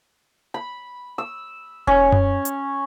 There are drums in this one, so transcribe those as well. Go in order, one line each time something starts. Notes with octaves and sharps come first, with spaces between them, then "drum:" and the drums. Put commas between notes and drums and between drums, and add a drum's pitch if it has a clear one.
B5
E6
C#4, drum: kick E1
drum: tom F#2
drum: hi-hat